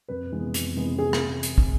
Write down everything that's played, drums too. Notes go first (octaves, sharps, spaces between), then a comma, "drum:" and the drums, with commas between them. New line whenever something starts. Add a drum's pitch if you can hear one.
F2 B4
C3 E3 G#3 B3
F2, drum: hi-hat
C3 E3 G#3 B3
C3 G#4
drum: rim click
drum: hi-hat
drum: kick